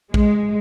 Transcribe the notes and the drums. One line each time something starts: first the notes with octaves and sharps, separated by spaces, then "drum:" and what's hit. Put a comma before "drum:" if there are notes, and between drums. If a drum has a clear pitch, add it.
G#3, drum: kick A#1